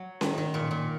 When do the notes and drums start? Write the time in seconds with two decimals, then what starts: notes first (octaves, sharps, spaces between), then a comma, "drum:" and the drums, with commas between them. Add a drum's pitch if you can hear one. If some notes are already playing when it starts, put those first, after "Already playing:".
Already playing: F#3
0.21 D#3, drum: snare C#4
0.38 D#3
0.54 A#2
0.71 A#2